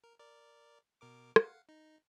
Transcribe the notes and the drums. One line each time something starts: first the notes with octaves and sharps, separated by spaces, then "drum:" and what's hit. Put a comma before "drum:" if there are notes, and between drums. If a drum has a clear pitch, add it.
A#4
A#4 D5
B2 A#4 D6
F5 F#5, drum: rim click
D#4